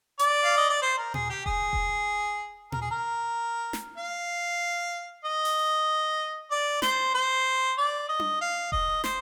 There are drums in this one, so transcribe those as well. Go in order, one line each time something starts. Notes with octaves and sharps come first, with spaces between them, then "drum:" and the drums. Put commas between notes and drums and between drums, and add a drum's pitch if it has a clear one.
D5, drum: hi-hat
F5
D#5
D5
C5
A#4
G#4, drum: tom A#2
G4
G#4, drum: kick E1
drum: kick E1
A#4, drum: tom A#2
G#4
A#4
drum: snare
F5
D#5
drum: open hi-hat
D5
C5, drum: snare
C5
D5
D#5
drum: tom D4
F5
D#5, drum: kick E1
C5, drum: snare